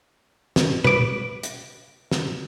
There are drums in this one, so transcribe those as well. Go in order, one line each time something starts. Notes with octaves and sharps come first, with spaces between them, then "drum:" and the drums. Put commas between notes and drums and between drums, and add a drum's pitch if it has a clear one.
drum: snare
B4 D6, drum: tom
drum: hi-hat
drum: snare